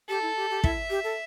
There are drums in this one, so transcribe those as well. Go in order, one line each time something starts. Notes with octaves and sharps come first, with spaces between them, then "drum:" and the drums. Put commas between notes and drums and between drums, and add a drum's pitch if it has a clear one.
G4 A4
E4
G4
G4
E4 E5, drum: kick
G4
A4